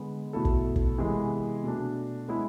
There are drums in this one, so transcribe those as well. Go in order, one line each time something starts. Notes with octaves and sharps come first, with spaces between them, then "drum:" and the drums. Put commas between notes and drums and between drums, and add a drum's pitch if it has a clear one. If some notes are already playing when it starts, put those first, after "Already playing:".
Already playing: D3 G#3 B3
B2 A3 E4 A4
drum: kick
drum: kick
C3 E3 G#3 B3
B2 A3 D4
G#3 B3 E4 G#4